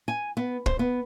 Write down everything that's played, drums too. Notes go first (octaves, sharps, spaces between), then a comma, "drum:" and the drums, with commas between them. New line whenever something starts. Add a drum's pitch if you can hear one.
G#5
B3
C5, drum: kick
B3